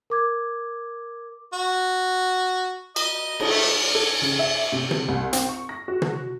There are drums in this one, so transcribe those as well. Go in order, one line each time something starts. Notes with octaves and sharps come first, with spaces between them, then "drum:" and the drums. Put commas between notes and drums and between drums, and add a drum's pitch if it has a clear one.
A#4 D6 G#6
F#4
D#5, drum: cymbal
drum: cymbal
A3
A4
C#3
E5
C3
drum: tom
C2
C4, drum: hi-hat
C#6
A#6
F#4
drum: tom